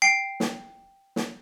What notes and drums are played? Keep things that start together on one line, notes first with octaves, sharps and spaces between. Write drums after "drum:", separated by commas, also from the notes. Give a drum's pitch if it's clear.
G5 C7
drum: snare
drum: snare